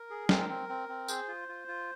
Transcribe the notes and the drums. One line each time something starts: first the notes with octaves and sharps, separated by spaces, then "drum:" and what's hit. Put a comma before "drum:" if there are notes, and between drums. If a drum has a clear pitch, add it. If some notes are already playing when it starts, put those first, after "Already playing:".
Already playing: A#4
G#4
C4 A#4, drum: snare
C4
C4
C4
G#4 C5, drum: tambourine
F4
F4
F4